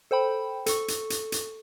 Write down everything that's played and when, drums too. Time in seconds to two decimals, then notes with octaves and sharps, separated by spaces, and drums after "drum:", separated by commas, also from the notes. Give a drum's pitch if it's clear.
0.11 A4 C5 G5 B5
0.66 A4 C#6, drum: hi-hat
0.88 drum: hi-hat
1.10 drum: hi-hat
1.32 drum: hi-hat